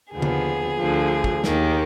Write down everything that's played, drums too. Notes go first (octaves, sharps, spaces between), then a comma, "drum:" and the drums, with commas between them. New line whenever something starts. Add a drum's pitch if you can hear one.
D#2 D3 F3 B3 G#4
drum: tom C#3
D2 D3 F3
drum: kick
D#2 D#3 A#3, drum: snare